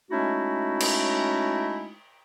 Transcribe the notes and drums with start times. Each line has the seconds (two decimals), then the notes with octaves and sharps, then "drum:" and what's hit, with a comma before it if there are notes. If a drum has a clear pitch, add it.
0.11 G#3 A3 C#4 D#4 E4 F#4
0.80 drum: cymbal